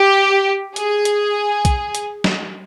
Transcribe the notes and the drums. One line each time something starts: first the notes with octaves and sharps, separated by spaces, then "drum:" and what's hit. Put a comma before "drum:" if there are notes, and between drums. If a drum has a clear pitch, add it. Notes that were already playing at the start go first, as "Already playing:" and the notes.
Already playing: G4
G#4, drum: hi-hat
drum: hi-hat
drum: kick B1, hi-hat
drum: hi-hat
drum: snare